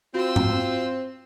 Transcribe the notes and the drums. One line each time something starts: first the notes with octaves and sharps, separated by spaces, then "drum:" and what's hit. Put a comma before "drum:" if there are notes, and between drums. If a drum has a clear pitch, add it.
C4 F4 F#4 C5 E6
drum: tom G#2